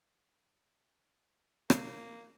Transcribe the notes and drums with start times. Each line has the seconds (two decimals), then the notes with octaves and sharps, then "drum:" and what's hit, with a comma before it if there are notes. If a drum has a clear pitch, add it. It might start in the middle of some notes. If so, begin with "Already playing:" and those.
1.70 A#3, drum: rim click